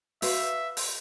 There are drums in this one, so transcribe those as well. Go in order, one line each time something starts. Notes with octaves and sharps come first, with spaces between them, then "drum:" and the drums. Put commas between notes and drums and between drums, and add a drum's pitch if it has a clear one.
F#4 B4 E5 F5, drum: open hi-hat
drum: open hi-hat